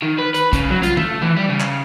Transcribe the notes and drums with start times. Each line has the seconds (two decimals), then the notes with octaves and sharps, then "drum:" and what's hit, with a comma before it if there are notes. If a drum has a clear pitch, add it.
0.02 D#3
0.19 B4
0.34 B4, drum: hi-hat
0.53 C#3, drum: kick, hi-hat
0.70 F#3
0.83 F4, drum: hi-hat
0.97 A3, drum: tom D#3
1.22 E3
1.37 G3
1.49 C#3
1.60 drum: clap